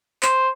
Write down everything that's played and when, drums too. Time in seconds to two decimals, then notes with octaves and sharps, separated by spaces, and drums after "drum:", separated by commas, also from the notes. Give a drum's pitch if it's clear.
0.23 C5, drum: clap